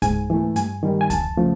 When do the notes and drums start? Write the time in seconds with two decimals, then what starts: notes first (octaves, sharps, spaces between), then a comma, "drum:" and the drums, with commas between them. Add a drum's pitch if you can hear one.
0.02 G#2 G#5, drum: kick C#2, hi-hat
0.30 E3 A3
0.56 G2 G#5, drum: hi-hat
0.83 D#3 G3
1.01 G#5
1.10 F2 A5, drum: kick C#2, hi-hat
1.37 C#3 F3 A3